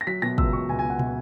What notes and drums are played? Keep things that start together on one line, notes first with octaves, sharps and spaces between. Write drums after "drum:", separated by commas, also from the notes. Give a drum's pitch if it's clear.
A#6
F#3 B6
B2 A#6
C#2 E6, drum: kick
C#2 C#6
C#2 G#5
G#5
B2
F#5
B2, drum: tom